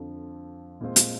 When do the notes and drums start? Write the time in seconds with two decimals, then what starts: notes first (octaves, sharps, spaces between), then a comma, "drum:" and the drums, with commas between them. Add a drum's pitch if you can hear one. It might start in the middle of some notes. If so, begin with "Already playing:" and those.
Already playing: F2 D3 F3
0.81 A#2 G#3 C4 F4
0.96 drum: hi-hat